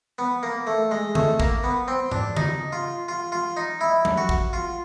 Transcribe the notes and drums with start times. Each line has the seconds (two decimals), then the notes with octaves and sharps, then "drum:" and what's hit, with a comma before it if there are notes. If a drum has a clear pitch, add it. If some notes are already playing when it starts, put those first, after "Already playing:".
0.19 B3
0.43 A#3
0.67 A3
0.91 G#3
1.15 A3, drum: tom C#3
1.40 A#3, drum: kick
1.64 B3
1.88 C4
2.11 D4, drum: tom G#2
2.37 D#4, drum: tom C#3
2.72 F4
3.08 F4
3.32 F4
3.57 D#4
3.81 E4
4.05 drum: tom F3
4.17 F#4
4.29 drum: kick
4.53 F4